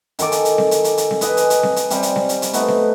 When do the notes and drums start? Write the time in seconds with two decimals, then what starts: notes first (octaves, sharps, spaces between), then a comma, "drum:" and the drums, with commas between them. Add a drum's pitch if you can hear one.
0.19 D#3 A4 G#5 D6, drum: hi-hat
0.32 drum: hi-hat
0.45 drum: hi-hat
0.58 drum: snare C4
0.71 drum: hi-hat
0.84 drum: hi-hat
0.97 drum: hi-hat
1.11 drum: snare C4
1.21 B4 D#5 G#5, drum: hi-hat
1.37 drum: hi-hat
1.50 drum: hi-hat
1.63 drum: snare C4
1.76 drum: hi-hat
1.90 C3 G3, drum: hi-hat
2.03 drum: hi-hat
2.16 drum: snare C4
2.29 drum: hi-hat
2.42 drum: hi-hat
2.53 A3 B3 D#4, drum: hi-hat
2.68 drum: snare C4